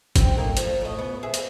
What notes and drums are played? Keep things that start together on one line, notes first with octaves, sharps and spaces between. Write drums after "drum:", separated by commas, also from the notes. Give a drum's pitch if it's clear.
C4, drum: kick, hi-hat
A3 A#3 D#4
F3, drum: hi-hat
A2 D#5
C#3 B3
G#4 E5
drum: hi-hat